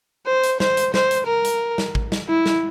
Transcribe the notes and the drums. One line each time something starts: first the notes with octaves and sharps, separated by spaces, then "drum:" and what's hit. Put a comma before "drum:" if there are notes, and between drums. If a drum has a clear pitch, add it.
C5
drum: hi-hat
C5, drum: snare
drum: hi-hat
C5, drum: snare
drum: hi-hat
A#4
drum: hi-hat
drum: snare
drum: kick
drum: snare
E4
drum: snare